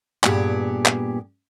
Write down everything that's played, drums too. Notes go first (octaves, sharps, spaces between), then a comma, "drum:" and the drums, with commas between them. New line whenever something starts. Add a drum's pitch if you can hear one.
G2 A#2 B3 G4 G#4, drum: clap
drum: clap